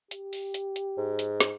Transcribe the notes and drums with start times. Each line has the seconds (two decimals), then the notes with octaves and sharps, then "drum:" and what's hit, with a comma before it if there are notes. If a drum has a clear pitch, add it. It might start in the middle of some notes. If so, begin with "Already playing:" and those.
0.11 G4, drum: hi-hat
0.33 drum: open hi-hat
0.54 drum: hi-hat
0.76 drum: hi-hat
0.97 G#2
1.19 drum: hi-hat
1.40 drum: snare